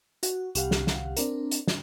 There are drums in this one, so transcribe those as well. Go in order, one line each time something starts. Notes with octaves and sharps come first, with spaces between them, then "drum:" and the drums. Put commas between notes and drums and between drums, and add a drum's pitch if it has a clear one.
F#4, drum: hi-hat
C2 G4 F5 F#5, drum: hi-hat
drum: snare
drum: snare
C4 D4 A#4, drum: hi-hat
drum: hi-hat
drum: snare